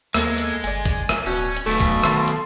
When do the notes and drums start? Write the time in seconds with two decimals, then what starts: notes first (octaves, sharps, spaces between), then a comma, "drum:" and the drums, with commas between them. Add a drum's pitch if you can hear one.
0.14 D#2 G#3 A#3 B3 A4, drum: rim click
0.38 drum: hi-hat
0.64 G1 D5 G#5, drum: hi-hat
0.86 drum: kick, hi-hat
1.09 drum: rim click
1.26 D1 B2 C#4
1.57 drum: hi-hat
1.66 D1 B1 B2 A3
1.80 drum: kick, hi-hat
2.04 D#3 A5 C6, drum: rim click
2.28 drum: hi-hat